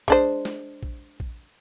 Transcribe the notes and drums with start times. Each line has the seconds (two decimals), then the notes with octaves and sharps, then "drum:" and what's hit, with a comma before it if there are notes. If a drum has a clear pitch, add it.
0.08 G#3 D4 C5, drum: kick
0.45 drum: snare
0.83 drum: kick
1.20 drum: kick